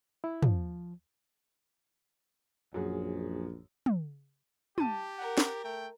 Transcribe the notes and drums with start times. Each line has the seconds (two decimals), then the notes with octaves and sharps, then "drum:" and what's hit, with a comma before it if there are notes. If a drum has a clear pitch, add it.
0.24 E4
0.42 F3, drum: tom
2.74 A#1 F#2 F#4 G#4
3.86 drum: tom
4.78 G4 A5 D#7, drum: tom
5.19 A#4 F#5
5.38 drum: snare
5.64 A3 G5